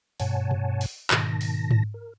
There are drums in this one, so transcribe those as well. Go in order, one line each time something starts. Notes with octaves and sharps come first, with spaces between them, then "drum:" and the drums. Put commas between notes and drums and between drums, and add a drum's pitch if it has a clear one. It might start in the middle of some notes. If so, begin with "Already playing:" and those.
G2 B2 C#5 F#5 G#5 A5, drum: open hi-hat
drum: tom B2
drum: open hi-hat
G#2 B2 D#3 A5 A#6, drum: clap
drum: open hi-hat
drum: tom G#2
A#4